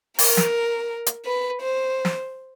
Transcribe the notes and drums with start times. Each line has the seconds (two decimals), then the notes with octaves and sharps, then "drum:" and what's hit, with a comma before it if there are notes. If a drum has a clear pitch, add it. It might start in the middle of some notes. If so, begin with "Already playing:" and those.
0.19 A#4, drum: open hi-hat
0.37 drum: snare
1.06 drum: hi-hat
1.26 B4
1.62 C5
2.05 drum: snare